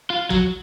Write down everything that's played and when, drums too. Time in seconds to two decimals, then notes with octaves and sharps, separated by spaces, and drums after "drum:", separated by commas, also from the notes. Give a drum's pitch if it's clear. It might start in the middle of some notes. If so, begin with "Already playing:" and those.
0.10 F4
0.30 F#3, drum: kick